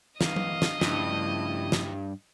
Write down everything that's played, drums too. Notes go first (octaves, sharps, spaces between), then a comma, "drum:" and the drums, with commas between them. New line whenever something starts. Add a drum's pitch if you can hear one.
G2 E3 B4 D#5 F5, drum: snare
drum: tom F#3
drum: snare
G2 C#3 F3 A3 E4, drum: snare
drum: snare